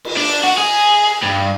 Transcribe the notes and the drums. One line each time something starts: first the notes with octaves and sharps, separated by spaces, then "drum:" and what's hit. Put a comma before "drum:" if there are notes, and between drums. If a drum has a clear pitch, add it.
drum: cymbal
D4
F#4
G#4
G2